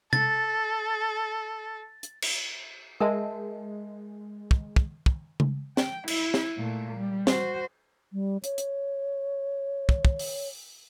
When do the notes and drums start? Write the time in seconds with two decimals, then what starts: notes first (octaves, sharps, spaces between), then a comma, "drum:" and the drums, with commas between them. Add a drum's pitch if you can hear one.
0.13 A4 A6, drum: tom C3
2.03 drum: hi-hat
2.22 drum: cymbal
3.00 G#3 A#4 E5 A5
4.51 drum: kick
4.76 drum: kick
5.06 drum: kick
5.40 drum: tom C#3
5.77 G5, drum: snare
6.08 E4, drum: cymbal
6.34 drum: snare
6.58 A#2 A3
6.96 G3
7.27 F#4 C5, drum: snare
8.13 G3
8.44 C#5, drum: hi-hat
8.58 drum: hi-hat
9.89 drum: kick
10.05 drum: kick
10.19 drum: open hi-hat